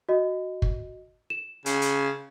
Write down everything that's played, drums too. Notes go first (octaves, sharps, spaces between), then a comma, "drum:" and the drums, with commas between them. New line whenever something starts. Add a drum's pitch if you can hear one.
F#4 D#5
drum: kick
E7
C#3, drum: hi-hat
drum: hi-hat